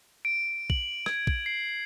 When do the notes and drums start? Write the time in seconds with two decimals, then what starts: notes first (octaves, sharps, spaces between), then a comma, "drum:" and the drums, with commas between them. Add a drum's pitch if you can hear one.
0.25 D7
0.70 F#7, drum: kick
1.06 G#6, drum: rim click
1.27 drum: kick
1.46 C7